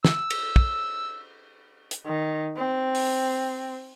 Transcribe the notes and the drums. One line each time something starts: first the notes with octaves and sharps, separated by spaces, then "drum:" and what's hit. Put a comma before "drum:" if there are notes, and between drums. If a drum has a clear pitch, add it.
E6, drum: snare
drum: cymbal
drum: kick
drum: hi-hat
D#3
C4
drum: open hi-hat